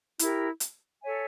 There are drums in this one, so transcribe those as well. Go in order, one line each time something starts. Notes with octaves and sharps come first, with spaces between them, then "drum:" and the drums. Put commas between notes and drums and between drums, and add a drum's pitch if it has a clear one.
E4 G4 A#4, drum: hi-hat
drum: hi-hat
A4 C#5 E5 G#5